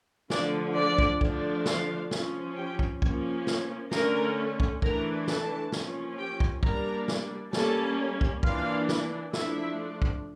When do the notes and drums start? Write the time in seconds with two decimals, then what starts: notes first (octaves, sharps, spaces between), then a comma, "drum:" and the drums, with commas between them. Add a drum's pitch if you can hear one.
0.30 D3 F3 A3 D4 D5, drum: snare
0.76 D4 D5
0.98 drum: kick
1.21 D3 F3 A3 D4, drum: kick
1.66 F4 F5, drum: snare
2.11 F3 C#4, drum: snare
2.56 G4 G5
2.79 drum: kick
3.02 F3 A#3 C#4, drum: kick
3.47 drum: snare
3.91 D3 A3 C#4 A#4 A#5, drum: snare
4.60 drum: kick
4.82 E3 A3 D4 A#4 A#5, drum: kick
5.28 A4 A5, drum: snare
5.72 F3 A#3 C#4, drum: snare
6.18 G4 G5
6.40 drum: kick
6.63 G3 A#3 D4 A#4 A#5, drum: kick
7.08 drum: snare
7.53 G3 A#3 C#4 A4 A5, drum: snare
8.21 drum: kick
8.43 E3 A#3 D4 F4 F5, drum: kick
8.89 drum: snare
9.33 F3 A3 D4 E4 E5, drum: snare
10.02 drum: kick